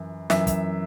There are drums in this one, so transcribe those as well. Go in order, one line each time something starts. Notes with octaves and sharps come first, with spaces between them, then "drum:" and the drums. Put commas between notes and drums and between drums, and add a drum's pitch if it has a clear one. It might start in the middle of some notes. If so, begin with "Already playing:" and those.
Already playing: F#2 E3
F#2 E3 E5, drum: snare
drum: kick, hi-hat